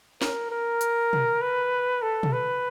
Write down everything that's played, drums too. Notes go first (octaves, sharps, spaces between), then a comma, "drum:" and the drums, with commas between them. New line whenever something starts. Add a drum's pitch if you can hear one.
A#4, drum: snare
A#4
drum: hi-hat
drum: tom
B4
A4
drum: tom
B4